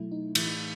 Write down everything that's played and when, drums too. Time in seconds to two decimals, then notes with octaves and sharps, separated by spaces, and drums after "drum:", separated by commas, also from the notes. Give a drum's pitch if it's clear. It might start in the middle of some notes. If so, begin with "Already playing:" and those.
Already playing: B2 F#3 A3 E4
0.11 D#4
0.35 A2 E3 A3 E4, drum: cymbal
0.46 D#4